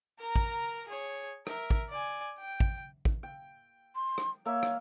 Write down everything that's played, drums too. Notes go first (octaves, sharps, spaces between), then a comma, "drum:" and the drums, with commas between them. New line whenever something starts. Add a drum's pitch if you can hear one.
A#4 A#5
drum: kick
G#4 C#5
A#4 E5, drum: rim click
drum: kick
D5 G#5
G5
drum: kick
drum: kick
G5
C6
drum: rim click
A#3 A#4 C#5 E5
drum: rim click